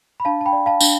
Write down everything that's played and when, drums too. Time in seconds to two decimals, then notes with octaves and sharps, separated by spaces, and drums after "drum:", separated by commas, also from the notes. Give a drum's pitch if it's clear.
0.20 B5
0.25 D4 F5 A5
0.41 A5
0.46 G5 B5
0.53 D5
0.66 F5 A5
0.81 D4, drum: tambourine